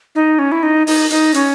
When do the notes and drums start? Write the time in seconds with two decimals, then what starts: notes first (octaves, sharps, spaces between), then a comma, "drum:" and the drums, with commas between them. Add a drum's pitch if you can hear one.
0.15 D#4
0.39 C#4
0.52 E4
0.63 D#4
0.87 D#4, drum: open hi-hat
1.10 D#4, drum: hi-hat
1.34 C#4, drum: hi-hat